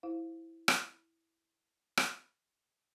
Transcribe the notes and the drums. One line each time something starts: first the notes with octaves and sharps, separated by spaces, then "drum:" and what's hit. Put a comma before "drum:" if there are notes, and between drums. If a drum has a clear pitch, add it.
E4 C5 F5
drum: rim click
drum: rim click